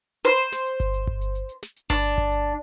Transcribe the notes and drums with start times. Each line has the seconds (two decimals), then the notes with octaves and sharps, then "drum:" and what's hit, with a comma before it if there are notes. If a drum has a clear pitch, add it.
0.25 C5, drum: hi-hat
0.39 drum: hi-hat
0.52 drum: snare
0.66 drum: hi-hat
0.80 drum: kick G1, hi-hat
0.94 drum: hi-hat
1.07 drum: kick G1
1.21 drum: hi-hat
1.35 drum: hi-hat
1.49 drum: hi-hat
1.63 drum: snare
1.76 drum: hi-hat
1.90 D4, drum: kick G1, hi-hat
2.04 drum: hi-hat
2.18 drum: kick G1, hi-hat
2.31 drum: hi-hat